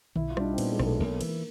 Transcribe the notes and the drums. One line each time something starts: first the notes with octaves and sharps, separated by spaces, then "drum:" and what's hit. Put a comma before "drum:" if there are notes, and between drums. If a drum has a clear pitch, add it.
B1 E4, drum: tom D3
F4
G3 D4, drum: rim click
D#4
C4
A#2 B3, drum: cymbal
G#3
B1 A#3, drum: rim click
A3
B1 A#3
E3, drum: cymbal
A#3